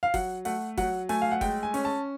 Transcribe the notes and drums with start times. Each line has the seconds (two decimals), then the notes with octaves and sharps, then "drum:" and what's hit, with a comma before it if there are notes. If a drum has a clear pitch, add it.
0.03 F5
0.14 F#3 F#5, drum: kick, open hi-hat
0.45 A3 F#5, drum: open hi-hat
0.77 F#3 F#5, drum: kick, open hi-hat
1.09 A3 G#5, drum: open hi-hat
1.22 F5
1.32 F#5
1.41 G#3 G5, drum: kick, open hi-hat
1.63 G#5
1.74 C#4, drum: open hi-hat
1.85 A5